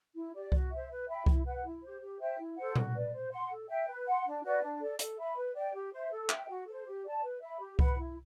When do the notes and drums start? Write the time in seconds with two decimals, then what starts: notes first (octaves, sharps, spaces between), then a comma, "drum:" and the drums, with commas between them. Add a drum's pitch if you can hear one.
0.14 E4
0.34 G4 D5
0.52 F#4, drum: kick C2
0.71 C5 E5
0.89 B4
1.08 E5 G5 B5
1.26 E4, drum: kick C2
1.45 B4 F#5
1.64 E4
1.82 G4 C5
2.01 G4
2.20 C5 E5 G5
2.38 E4
2.56 A4 C5 F#5
2.76 F#4, drum: tom A#2
2.94 B4 D5
3.13 C5
3.31 F#5 C6
3.50 A4
3.68 E5 G5
3.87 B4
4.06 F#5 C6
4.25 D4
4.43 F#4 B4 D5
4.61 D4
4.81 A4 D5
4.99 A4, drum: hi-hat
5.18 E5 B5
5.36 B4
5.55 D5 G5
5.74 G4
5.93 C5 E5
6.11 A4
6.29 E5 G5, drum: clap
6.48 F#4
6.67 A4 C5
6.85 G4
7.04 D5 A5
7.23 B4
7.41 E5 B5
7.60 G4
7.79 B4 F#5 B5, drum: kick C2
7.98 E4